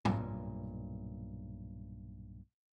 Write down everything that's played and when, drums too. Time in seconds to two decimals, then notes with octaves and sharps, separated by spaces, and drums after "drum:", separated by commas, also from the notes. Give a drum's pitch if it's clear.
0.05 B1 G2 A#2, drum: tom